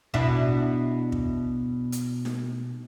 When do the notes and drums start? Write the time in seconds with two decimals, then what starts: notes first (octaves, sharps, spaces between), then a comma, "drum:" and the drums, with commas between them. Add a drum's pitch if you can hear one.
0.14 B2 D4 E4, drum: kick
1.12 drum: kick
1.92 drum: hi-hat
2.25 drum: snare D#4